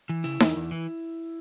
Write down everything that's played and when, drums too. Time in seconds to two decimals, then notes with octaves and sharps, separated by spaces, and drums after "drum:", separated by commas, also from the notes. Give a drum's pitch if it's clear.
0.09 E3
0.24 C#3 E4
0.40 E2, drum: snare D#4
0.56 E2
0.71 E3